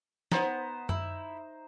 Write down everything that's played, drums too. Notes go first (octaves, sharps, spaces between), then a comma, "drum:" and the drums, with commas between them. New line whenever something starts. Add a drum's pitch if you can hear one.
B3 D#4 C5, drum: snare
E4, drum: tom F#2